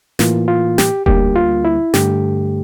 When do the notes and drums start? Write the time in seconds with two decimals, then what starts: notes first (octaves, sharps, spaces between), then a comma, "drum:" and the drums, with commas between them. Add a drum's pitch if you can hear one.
0.19 A2 E3 A#3 F4, drum: snare
0.48 F4
0.78 G4, drum: snare
1.06 D2 D3 G3 A#3 G4, drum: kick E1
1.36 F4
1.65 E4
1.94 G2 D3 A3 G4, drum: snare